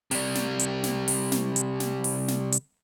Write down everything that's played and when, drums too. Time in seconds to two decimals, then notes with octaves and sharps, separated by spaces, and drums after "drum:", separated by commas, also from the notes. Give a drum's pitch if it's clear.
0.11 C3 G3, drum: open hi-hat
0.35 drum: snare
0.59 drum: hi-hat
0.84 drum: snare
1.08 drum: open hi-hat
1.32 drum: snare
1.56 drum: hi-hat
1.80 drum: snare
2.04 drum: open hi-hat
2.28 drum: snare
2.52 drum: hi-hat